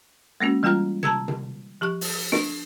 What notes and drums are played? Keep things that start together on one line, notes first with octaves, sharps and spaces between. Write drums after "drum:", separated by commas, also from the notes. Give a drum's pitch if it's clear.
G#3 A#3 C#4 F#4
E3 G3 F4 G5 A#5 F6
A5 A#5 E6 G#6, drum: tom C3
drum: tom C3
F3 G4 C#6 F#6
drum: open hi-hat
D4, drum: snare